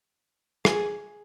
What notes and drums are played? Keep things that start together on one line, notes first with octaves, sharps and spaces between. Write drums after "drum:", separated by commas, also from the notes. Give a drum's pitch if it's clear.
G#4, drum: rim click